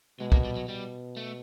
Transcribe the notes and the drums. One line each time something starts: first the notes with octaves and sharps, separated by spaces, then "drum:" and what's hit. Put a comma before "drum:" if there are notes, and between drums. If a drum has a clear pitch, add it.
B2 G#3
A#3, drum: kick
G3
F#3
B2 G3
A3